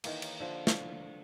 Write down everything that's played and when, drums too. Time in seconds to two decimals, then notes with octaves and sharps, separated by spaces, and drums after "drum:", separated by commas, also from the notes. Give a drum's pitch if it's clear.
0.04 D#3 E3 A#3, drum: cymbal
0.22 drum: cymbal
0.40 D3 F3
0.67 drum: snare